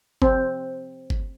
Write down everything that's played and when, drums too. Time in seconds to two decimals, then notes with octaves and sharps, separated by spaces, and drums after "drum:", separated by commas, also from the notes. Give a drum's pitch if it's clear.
0.22 C4, drum: kick G1
1.10 drum: kick G1